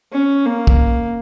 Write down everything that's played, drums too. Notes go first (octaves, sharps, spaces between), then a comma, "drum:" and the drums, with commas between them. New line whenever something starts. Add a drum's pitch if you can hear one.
C#4
A#3
drum: kick